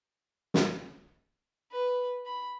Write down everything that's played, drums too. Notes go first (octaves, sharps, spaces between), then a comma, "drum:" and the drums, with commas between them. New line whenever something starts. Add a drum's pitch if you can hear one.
drum: snare
B4
B5